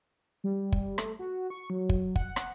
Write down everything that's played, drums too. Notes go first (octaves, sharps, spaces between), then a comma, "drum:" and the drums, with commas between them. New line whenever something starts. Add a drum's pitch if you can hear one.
G3
drum: kick
A3, drum: rim click
F#4
C#6
F#3
drum: kick
F#5, drum: kick
drum: rim click